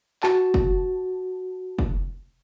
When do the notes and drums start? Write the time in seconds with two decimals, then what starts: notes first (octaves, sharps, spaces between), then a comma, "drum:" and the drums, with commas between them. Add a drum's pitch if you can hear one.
0.23 F#4 A5, drum: clap
0.54 drum: kick
1.79 drum: kick